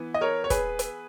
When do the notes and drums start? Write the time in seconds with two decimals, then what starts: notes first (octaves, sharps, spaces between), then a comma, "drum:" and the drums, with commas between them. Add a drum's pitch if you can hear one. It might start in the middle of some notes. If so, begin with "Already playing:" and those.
Already playing: E3 B3
0.14 D#5
0.21 A#4 C#5
0.44 C#5
0.50 G#4 B4, drum: kick, hi-hat
0.79 drum: hi-hat